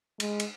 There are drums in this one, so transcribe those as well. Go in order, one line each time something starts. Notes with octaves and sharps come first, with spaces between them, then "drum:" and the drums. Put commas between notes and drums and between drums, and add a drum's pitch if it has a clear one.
G#3, drum: cymbal
drum: cymbal